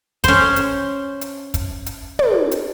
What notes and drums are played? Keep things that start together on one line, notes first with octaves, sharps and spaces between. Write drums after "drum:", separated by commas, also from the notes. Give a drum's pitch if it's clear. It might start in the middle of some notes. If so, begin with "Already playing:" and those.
C#4 C5, drum: kick, hi-hat
drum: hi-hat
drum: hi-hat
drum: kick, hi-hat
drum: hi-hat
drum: tom
drum: hi-hat